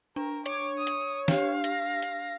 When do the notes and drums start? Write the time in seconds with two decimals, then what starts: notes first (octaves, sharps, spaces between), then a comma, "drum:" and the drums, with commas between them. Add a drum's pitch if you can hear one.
0.16 D4 A#4
0.46 C#5 D6, drum: hi-hat
0.78 D#6
0.87 drum: hi-hat
1.28 D4 G4 F5, drum: snare
1.64 A#6, drum: hi-hat
2.02 drum: hi-hat